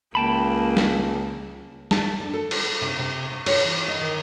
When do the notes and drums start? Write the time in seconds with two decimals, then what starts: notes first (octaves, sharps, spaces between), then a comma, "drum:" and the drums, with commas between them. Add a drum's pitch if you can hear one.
0.15 C#2 A#3 G5 A5 B5
0.77 drum: snare
1.91 A5, drum: snare
2.20 D3
2.34 A4
2.51 drum: cymbal
2.82 C3
2.99 C3
3.32 C3
3.46 C#5, drum: cymbal
3.64 E3
3.88 D#5
4.01 D#3